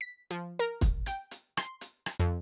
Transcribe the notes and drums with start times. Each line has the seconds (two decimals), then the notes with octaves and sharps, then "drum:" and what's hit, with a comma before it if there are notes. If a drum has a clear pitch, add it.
0.01 B6
0.31 F3
0.59 A#4
0.81 drum: kick, hi-hat
1.06 G5, drum: hi-hat
1.31 drum: hi-hat
1.57 C6, drum: rim click
1.81 drum: hi-hat
2.06 drum: rim click
2.20 F2